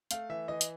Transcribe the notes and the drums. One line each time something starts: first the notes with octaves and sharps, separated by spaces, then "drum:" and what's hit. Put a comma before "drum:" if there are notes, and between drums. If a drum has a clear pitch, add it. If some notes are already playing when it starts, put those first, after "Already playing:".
A3 F5, drum: hi-hat
E3 E5
E3 D#5
drum: hi-hat